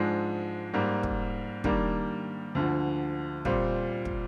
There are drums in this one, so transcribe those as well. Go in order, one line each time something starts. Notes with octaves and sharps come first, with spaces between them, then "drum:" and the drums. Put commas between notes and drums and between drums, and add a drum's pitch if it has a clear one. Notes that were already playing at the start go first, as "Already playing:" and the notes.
Already playing: G#2 F3 G#3 D4
G#2 G3 A#3
drum: kick
D#3 G3 A#3 D4, drum: kick
D2 D3 F3
A#2 G3 C4, drum: kick
drum: kick